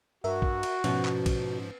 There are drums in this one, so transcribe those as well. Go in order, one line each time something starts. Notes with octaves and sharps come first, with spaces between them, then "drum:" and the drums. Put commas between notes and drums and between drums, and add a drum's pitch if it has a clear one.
G2 F#4 A#4 E5
drum: kick A#1
drum: cymbal
G#2 B2 F3 C#4, drum: cymbal
drum: clap
drum: kick A#1, cymbal